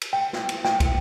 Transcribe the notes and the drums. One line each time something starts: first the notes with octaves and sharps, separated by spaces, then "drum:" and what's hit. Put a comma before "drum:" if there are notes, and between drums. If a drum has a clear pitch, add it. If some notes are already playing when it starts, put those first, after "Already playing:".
drum: cymbal
G5
drum: snare
drum: cymbal
G5, drum: snare
drum: kick, cymbal